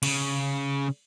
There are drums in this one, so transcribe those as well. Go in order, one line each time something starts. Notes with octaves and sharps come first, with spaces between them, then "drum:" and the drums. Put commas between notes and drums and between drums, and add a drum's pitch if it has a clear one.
C#3, drum: cymbal